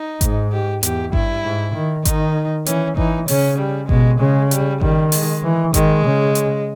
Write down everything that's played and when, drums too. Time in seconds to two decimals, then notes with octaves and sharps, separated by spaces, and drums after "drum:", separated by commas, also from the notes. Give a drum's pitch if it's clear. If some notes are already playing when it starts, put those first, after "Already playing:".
Already playing: D#4
0.21 G#2, drum: kick G#1, hi-hat
0.52 G4
0.83 E2 G4, drum: hi-hat
1.13 G2 E4, drum: kick G#1
1.44 G#2
1.75 D#3
2.05 D#3 D#4, drum: kick G#1, hi-hat
2.66 E3 C#4, drum: hi-hat
2.97 E3 D#4, drum: kick G#1
3.28 C#3 C#4, drum: open hi-hat
3.59 G3
3.89 B2 G#3, drum: kick G#1
4.20 C#3 G#3
4.51 G3, drum: hi-hat
4.81 D#3 G3, drum: kick G#1
5.12 G#3, drum: open hi-hat
5.43 E3
5.74 D#3 G#3, drum: kick G#1, hi-hat
6.05 C#3
6.35 drum: hi-hat